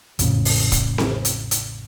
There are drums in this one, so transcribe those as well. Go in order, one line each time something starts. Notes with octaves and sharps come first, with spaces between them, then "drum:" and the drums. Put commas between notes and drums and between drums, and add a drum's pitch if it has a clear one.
A1 F2 A#2 C#3, drum: hi-hat
drum: open hi-hat
drum: kick, hi-hat
drum: snare C4
drum: hi-hat
drum: hi-hat